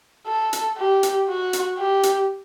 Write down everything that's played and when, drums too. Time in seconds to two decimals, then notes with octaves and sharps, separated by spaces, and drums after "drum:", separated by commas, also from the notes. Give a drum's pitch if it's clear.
0.27 A4
0.53 drum: hi-hat
0.78 G4
1.03 drum: hi-hat
1.28 F#4
1.53 drum: hi-hat
1.79 G4
2.03 drum: hi-hat